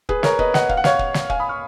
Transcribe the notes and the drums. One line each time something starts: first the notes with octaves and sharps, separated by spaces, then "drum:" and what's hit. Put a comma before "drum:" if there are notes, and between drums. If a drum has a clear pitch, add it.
G#4 B4, drum: kick
A#4 C#5, drum: snare
B4 D#5, drum: kick
D#5 F#5, drum: snare
F5, drum: kick
F#5
C#5 F5, drum: snare
drum: kick
drum: snare
F5 G#5, drum: kick
B5 D#6
C#6 F6